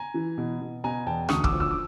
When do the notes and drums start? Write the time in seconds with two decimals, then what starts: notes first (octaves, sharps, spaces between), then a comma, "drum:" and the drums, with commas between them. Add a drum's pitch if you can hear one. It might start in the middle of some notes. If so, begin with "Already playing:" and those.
Already playing: G#5 A#5
0.14 E3
0.38 B2
0.61 B2
0.84 B2 G#5 A#5
1.06 E2 G5 A5
1.29 D2 C#6 D#6, drum: rim click
1.44 D6 E6, drum: kick
1.52 F3
1.60 D6 E6
1.71 D6